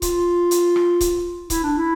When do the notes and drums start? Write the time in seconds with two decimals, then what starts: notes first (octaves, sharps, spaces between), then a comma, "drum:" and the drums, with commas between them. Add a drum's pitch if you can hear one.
0.02 F4, drum: kick C#1, hi-hat
0.51 drum: hi-hat
0.76 drum: rim click
1.01 drum: kick C#1, hi-hat
1.50 E4, drum: kick C#1, hi-hat
1.64 D4
1.78 E4